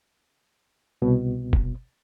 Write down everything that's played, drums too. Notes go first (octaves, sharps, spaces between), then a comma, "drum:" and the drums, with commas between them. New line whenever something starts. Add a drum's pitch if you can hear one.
C2 B2
drum: kick